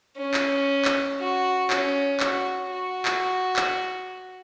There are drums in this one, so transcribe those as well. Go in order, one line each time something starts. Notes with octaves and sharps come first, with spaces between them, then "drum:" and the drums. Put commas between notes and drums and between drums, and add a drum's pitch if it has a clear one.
C#4
drum: clap
drum: clap
F#4
C#4, drum: clap
F#4, drum: clap
F#4
drum: clap
drum: clap